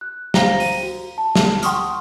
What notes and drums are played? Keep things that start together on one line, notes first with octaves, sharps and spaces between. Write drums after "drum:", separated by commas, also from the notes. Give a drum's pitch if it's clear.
F#6
C5 F5 G5 A#5 A#6 G7, drum: snare
D#7, drum: open hi-hat
F#4
A5
drum: snare
F#5 G5 C6 C#6 D#6 F6, drum: hi-hat